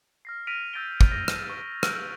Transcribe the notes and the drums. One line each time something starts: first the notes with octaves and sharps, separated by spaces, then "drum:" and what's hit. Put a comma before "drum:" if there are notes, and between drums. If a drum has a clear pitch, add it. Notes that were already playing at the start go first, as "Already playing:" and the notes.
F6 A#6 C7
F6 A#6 B6 D7 D#7 F7
E6 G6 A6 A#6 D7 G7
drum: kick
G6 A#6 F7
drum: rim click
C#6
C#6 E6 F#6 G6 D7, drum: rim click